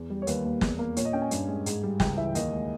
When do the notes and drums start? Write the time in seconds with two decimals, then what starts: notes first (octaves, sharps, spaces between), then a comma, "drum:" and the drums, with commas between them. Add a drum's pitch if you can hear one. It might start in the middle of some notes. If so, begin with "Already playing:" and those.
Already playing: E2
0.10 G3
0.22 C#5
0.27 D#2 B4, drum: hi-hat
0.45 A#3
0.61 E2, drum: snare
0.79 A#3
0.97 A#2 C#5, drum: hi-hat
1.05 D#5
1.13 C#4 G5
1.22 G#5
1.31 G2, drum: hi-hat
1.48 G#3
1.66 G#2, drum: hi-hat
1.83 G3
2.00 C#2 G5, drum: snare
2.17 E3 E5
2.35 D#2 D#5, drum: hi-hat
2.52 G#3